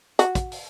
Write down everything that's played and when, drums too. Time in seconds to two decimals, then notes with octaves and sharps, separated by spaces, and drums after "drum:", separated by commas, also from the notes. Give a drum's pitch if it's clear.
0.19 F#4, drum: hi-hat
0.35 drum: kick, hi-hat
0.52 drum: open hi-hat